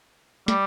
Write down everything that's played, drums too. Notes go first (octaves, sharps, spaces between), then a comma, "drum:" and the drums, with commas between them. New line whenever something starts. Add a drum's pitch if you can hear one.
G3, drum: snare